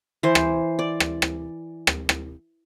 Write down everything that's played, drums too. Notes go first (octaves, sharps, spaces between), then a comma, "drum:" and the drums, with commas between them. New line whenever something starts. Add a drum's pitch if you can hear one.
E3 C5
drum: rim click
D5
drum: rim click
drum: rim click
drum: rim click
drum: rim click